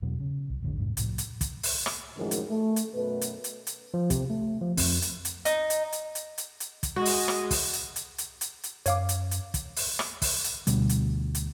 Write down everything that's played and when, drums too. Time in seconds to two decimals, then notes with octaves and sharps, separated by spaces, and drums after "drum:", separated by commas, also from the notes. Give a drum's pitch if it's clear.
0.02 E2 B2 F#3 B3
0.20 C#3
0.50 C2
0.63 A1 E2 D3
0.77 E2 G#2 C3
0.97 C2 A2 F3, drum: hi-hat
1.18 drum: hi-hat
1.41 drum: kick, hi-hat
1.63 drum: open hi-hat
1.86 drum: rim click
2.17 F#2 A2 C3 D#3 F3 G#3
2.31 drum: hi-hat
2.50 A3
2.76 drum: hi-hat
2.95 F#2 B2 A3 B4
3.21 drum: hi-hat
3.44 drum: hi-hat
3.67 drum: hi-hat
3.94 F3
4.10 C3, drum: kick, hi-hat
4.30 A3
4.61 F3
4.77 F2, drum: kick, open hi-hat
5.02 drum: hi-hat
5.25 drum: hi-hat
5.45 D#4, drum: hi-hat
5.70 drum: hi-hat
5.92 drum: hi-hat
6.15 drum: hi-hat
6.38 drum: hi-hat
6.60 drum: hi-hat
6.83 drum: kick, hi-hat
6.96 G#3 F#4 D#5
7.05 drum: open hi-hat
7.28 drum: rim click
7.51 drum: kick, open hi-hat
7.73 drum: hi-hat
7.96 drum: hi-hat
8.18 drum: hi-hat
8.41 drum: hi-hat
8.64 drum: hi-hat
8.86 F#2 C#5 F5 D6, drum: hi-hat
9.09 drum: hi-hat
9.31 drum: hi-hat
9.54 drum: kick, hi-hat
9.76 drum: open hi-hat
9.99 drum: rim click
10.22 drum: kick, open hi-hat
10.44 drum: hi-hat
10.67 D2 B2 G3, drum: hi-hat
10.89 drum: hi-hat
11.35 drum: hi-hat